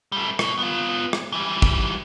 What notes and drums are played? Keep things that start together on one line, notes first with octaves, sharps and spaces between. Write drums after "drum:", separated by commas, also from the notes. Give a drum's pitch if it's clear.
G3 A3
B2, drum: rim click
B3 F4
drum: rim click
E3 G3
drum: kick